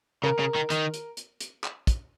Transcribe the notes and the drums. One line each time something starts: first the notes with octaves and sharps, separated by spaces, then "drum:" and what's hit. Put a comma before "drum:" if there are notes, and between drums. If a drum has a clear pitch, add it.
C#3 A#4
C#3
D#3
D#3, drum: hi-hat
drum: hi-hat
drum: hi-hat
drum: hi-hat
drum: clap
drum: kick, hi-hat